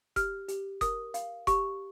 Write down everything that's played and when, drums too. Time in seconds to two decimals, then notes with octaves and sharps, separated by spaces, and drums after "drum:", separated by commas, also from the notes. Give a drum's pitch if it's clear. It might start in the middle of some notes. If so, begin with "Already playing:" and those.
0.16 G4 F6, drum: kick F1, hi-hat
0.48 G4, drum: hi-hat
0.81 A#4 D#6, drum: kick F1, hi-hat
1.14 F5, drum: hi-hat
1.47 G4 C#6, drum: kick F1, hi-hat